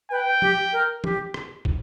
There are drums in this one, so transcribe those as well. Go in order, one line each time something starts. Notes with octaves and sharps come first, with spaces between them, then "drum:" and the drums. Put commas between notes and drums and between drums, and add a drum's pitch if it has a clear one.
B4 G5
G4, drum: tom
A#4
G4, drum: tom
drum: rim click
drum: kick